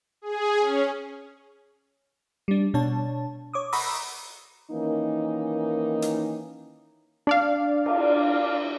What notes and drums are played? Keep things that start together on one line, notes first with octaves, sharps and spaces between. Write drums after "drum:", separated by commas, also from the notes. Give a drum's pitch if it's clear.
G#4
C#4
G3 D4
B2 D4 C#5 A5
C#5 D6 D#6
F#5 A#5 B5 C#6 D#6 E6, drum: open hi-hat
D#3 E3 A#3 C#4 D#4
drum: hi-hat
D4 D5 F5
drum: cymbal